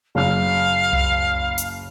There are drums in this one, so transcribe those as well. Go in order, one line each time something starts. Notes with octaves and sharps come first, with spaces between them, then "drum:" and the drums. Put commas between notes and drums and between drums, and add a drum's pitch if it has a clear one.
F#1 F5 F6
drum: tom C2
drum: hi-hat